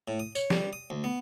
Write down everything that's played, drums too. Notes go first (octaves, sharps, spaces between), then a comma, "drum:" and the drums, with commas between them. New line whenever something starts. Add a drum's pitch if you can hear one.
A2
D#6
C#5, drum: tambourine
G3, drum: snare
D#6
D2
B3